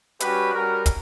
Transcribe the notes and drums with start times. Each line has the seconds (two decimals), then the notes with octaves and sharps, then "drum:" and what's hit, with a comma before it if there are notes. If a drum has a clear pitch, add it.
0.20 G3 C#4 F#4 G4 B4, drum: hi-hat
0.53 G3 C#4 F#4 A#4
0.86 drum: kick, hi-hat